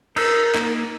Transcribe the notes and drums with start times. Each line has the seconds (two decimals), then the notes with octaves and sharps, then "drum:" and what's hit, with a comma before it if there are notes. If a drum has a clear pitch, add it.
0.16 D#4 A#4 E6, drum: cymbal
0.55 A#3 D#4, drum: clap